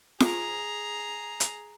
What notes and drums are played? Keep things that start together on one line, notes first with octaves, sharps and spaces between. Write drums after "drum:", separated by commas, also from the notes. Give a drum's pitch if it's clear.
G#4 A#5, drum: snare F4
drum: hi-hat